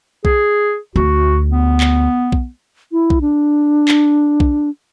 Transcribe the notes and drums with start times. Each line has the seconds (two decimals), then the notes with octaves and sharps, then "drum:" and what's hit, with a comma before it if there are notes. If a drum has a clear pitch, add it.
0.25 G#4, drum: kick B1
0.96 D2 F#4
1.51 B3
1.80 drum: clap
2.32 drum: kick B1
2.92 E4
3.10 drum: kick B1
3.21 D4
3.88 drum: clap
4.40 drum: kick B1